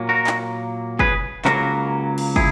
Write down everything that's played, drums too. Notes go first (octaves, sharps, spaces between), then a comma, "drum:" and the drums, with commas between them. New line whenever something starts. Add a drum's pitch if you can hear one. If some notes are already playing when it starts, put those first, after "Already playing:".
Already playing: A#2 F#3 A#3
F#4 A#4
drum: clap
G#4 B4, drum: kick
C#2 C#3 F#3 A#3 F#4 A#4, drum: clap
drum: cymbal
E4 G#4, drum: kick